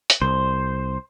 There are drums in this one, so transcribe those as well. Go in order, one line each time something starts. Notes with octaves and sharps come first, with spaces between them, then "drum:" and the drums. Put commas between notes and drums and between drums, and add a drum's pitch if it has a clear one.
drum: hi-hat
C2 C5